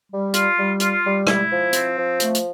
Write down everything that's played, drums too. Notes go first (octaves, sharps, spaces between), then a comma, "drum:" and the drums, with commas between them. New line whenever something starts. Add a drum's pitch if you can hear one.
G3
F4, drum: hi-hat
G3
F4, drum: hi-hat
G3
E4, drum: rim click
F3
C4, drum: hi-hat
F3
A3, drum: hi-hat
drum: hi-hat